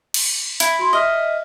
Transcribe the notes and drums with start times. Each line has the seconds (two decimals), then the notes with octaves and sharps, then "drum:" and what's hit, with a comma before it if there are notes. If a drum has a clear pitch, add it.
0.14 drum: cymbal
0.60 E4, drum: hi-hat
0.79 F#4 C6
0.93 D#5 E5 F6 B6